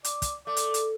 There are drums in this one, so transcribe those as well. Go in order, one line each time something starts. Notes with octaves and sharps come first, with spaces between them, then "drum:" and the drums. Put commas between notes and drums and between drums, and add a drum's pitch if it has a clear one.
D5, drum: hi-hat
drum: kick, hi-hat
A3 D5
drum: hi-hat
drum: hi-hat